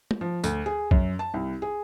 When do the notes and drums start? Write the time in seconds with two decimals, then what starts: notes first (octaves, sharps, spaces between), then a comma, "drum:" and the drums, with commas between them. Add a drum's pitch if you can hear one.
0.11 drum: tom
0.21 F3
0.44 D2, drum: tambourine
0.66 G#4
0.91 F#2, drum: kick
1.19 A5
1.34 C2
1.62 G#4